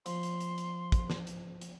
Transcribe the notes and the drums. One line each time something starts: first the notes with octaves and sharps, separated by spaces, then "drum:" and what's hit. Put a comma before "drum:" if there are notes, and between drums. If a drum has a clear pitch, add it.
F3 C6, drum: hi-hat
drum: hi-hat
drum: hi-hat
drum: hi-hat
drum: kick, hi-hat
drum: snare
drum: hi-hat
drum: hi-hat